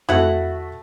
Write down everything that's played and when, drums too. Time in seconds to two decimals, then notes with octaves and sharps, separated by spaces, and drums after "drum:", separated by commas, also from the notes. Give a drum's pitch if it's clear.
0.09 A3 E4 F#4 F#5, drum: tom F2